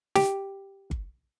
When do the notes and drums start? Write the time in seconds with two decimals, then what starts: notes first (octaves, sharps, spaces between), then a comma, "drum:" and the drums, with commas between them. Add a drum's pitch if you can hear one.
0.16 G4, drum: snare
0.91 drum: kick G1